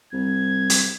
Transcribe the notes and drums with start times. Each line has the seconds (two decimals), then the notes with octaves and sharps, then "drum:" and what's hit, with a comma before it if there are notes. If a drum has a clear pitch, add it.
0.13 C2 G#6
0.70 drum: hi-hat